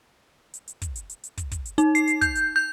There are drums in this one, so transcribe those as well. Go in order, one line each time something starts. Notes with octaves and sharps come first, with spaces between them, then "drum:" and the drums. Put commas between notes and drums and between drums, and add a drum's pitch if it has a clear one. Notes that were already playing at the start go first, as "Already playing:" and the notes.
drum: hi-hat
drum: hi-hat
drum: kick, hi-hat
drum: hi-hat
drum: hi-hat
drum: hi-hat
drum: kick, hi-hat
drum: kick, hi-hat
drum: hi-hat
D#4, drum: hi-hat
C7, drum: hi-hat
drum: hi-hat
G6, drum: kick, hi-hat
drum: hi-hat
G6